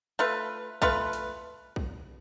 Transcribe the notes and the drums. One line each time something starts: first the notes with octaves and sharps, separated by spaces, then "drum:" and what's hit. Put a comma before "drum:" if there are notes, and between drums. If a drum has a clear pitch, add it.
A3 F4 B4
A3 F4 B4, drum: kick
drum: hi-hat
drum: kick